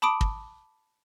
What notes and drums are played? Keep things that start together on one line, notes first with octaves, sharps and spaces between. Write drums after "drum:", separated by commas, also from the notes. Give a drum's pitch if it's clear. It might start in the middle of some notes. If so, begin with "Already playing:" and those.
A5 B5 D6 D#6 D7
drum: kick